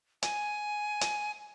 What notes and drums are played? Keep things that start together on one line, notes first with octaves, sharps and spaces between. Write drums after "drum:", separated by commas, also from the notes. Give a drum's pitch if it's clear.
G#5, drum: hi-hat
drum: hi-hat